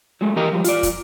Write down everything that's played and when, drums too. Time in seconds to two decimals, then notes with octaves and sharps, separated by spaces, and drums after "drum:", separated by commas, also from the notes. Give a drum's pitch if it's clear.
0.21 F#3 G#3 A3
0.36 E3 G4 A#4 D#5 G5 A#5
0.53 F3 G3
0.64 F4 D5, drum: hi-hat
0.83 drum: kick, hi-hat